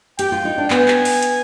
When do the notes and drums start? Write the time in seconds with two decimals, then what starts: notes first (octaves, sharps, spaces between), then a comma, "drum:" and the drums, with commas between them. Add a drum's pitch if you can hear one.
0.19 G4 G5, drum: hi-hat
0.32 F4
0.45 D#4
0.58 D4
0.70 B3 G#5, drum: clap
0.88 drum: clap
1.05 drum: open hi-hat
1.23 drum: hi-hat